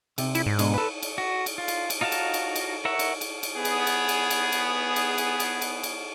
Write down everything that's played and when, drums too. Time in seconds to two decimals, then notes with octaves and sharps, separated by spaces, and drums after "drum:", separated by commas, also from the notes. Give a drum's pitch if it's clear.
0.18 C3, drum: cymbal
0.35 E4, drum: cymbal
0.46 G#2
0.59 B2 G#3 D4, drum: cymbal
0.74 A4 B4
1.02 drum: cymbal
1.18 F#4
1.46 drum: cymbal
1.58 F4
1.68 drum: cymbal
1.90 drum: cymbal
2.01 D#4 F4 F#4 F5 A5
2.12 drum: cymbal
2.34 drum: cymbal
2.56 drum: cymbal
2.85 A#4 C#5 E5 F#5
2.99 drum: cymbal
3.21 drum: cymbal
3.43 drum: cymbal
3.55 B3 G#4
3.65 drum: cymbal
3.87 drum: cymbal
4.09 drum: cymbal
4.30 drum: cymbal
4.52 drum: cymbal
4.96 drum: cymbal
5.18 drum: cymbal
5.40 drum: cymbal
5.62 drum: cymbal
5.83 drum: cymbal